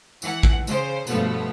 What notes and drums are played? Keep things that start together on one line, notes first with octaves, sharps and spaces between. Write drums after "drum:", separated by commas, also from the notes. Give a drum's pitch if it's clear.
E3 F#5, drum: tambourine
drum: kick A1
C#3 C5, drum: tambourine
G2 B2 F3 A3 B3, drum: tambourine